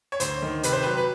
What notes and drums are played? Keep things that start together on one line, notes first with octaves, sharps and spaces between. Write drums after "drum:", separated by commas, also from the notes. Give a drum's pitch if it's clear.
C#5
D2 C5, drum: hi-hat
D#3
C3 B4, drum: hi-hat
C5
F#3 B4
B4